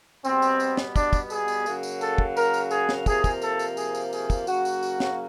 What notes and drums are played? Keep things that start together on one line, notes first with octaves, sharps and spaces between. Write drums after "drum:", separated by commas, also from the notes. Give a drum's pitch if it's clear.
B2 G3 B3 C4, drum: tambourine
drum: tambourine
drum: tambourine
drum: snare
D4, drum: kick, tambourine
drum: kick, tambourine
G#4, drum: tambourine
drum: tambourine
C#3 F#3 A#3, drum: tambourine
drum: tambourine
A4, drum: tambourine
drum: kick
A#4, drum: tambourine
drum: tambourine
G#4, drum: tambourine
drum: snare
C3 F3 A#3 G#4, drum: kick, tambourine
drum: kick, tambourine
A4, drum: tambourine
drum: tambourine
G#4, drum: tambourine
drum: tambourine
G#4, drum: tambourine
drum: kick, tambourine
C#3 F#3 A#3 F#4, drum: tambourine
drum: tambourine
drum: tambourine
drum: snare